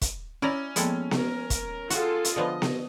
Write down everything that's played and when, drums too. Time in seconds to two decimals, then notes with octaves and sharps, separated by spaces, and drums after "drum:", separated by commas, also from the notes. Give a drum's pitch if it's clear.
0.01 drum: kick, hi-hat
0.42 C#4 E4 D5 A#5
0.76 F3 G#3 A#3 B3 E4 A4, drum: hi-hat
1.11 A#4, drum: snare B3
1.50 drum: kick, hi-hat
1.90 F4 F#4 G#4 A4 F5 F#5, drum: hi-hat
2.25 drum: hi-hat
2.36 D3 F3 B3 D#5
2.62 drum: snare B3